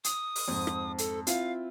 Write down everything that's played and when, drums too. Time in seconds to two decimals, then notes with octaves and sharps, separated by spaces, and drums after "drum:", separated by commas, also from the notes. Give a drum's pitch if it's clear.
0.04 D#6, drum: hi-hat
0.36 drum: open hi-hat
0.48 F2 G#2
0.67 drum: rim click
0.98 A4, drum: hi-hat
1.27 C4 E4 F4 F5, drum: hi-hat